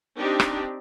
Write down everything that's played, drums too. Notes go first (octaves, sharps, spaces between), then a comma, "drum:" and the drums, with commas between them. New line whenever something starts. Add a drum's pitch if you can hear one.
C4 D4 D#4 G4
drum: rim click